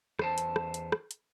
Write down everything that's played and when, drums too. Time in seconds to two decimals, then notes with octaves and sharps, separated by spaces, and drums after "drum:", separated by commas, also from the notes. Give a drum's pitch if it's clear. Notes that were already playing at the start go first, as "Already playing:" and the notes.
0.19 E2 C5 A5, drum: rim click
0.38 drum: hi-hat
0.56 drum: rim click
0.74 drum: hi-hat
0.92 drum: rim click
1.11 drum: hi-hat